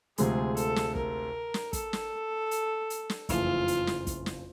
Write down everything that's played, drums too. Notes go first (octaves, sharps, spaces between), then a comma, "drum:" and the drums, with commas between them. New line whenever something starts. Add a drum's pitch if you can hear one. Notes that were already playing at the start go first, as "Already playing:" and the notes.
D2 C3 F3 G#3 G#4, drum: hi-hat
A4, drum: hi-hat
drum: snare
A#4, drum: kick
drum: snare
A4, drum: kick, hi-hat
drum: snare
drum: hi-hat
drum: hi-hat
drum: snare
F#1 F2 C#3 E3 A3 F4, drum: kick, hi-hat
drum: hi-hat
drum: snare
drum: kick, hi-hat
drum: snare